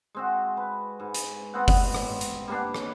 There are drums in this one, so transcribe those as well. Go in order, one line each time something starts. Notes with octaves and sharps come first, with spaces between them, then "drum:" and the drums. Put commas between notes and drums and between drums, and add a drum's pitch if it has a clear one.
G#3 C4 F#4
B4
G#2
drum: hi-hat
B3 C4 F#5
drum: kick F#1, open hi-hat
drum: rim click
drum: hi-hat
G3 A#3 B3 D4
drum: rim click